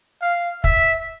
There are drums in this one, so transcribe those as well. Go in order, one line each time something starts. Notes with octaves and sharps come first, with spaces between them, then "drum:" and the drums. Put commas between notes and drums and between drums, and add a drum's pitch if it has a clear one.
F5
E5, drum: kick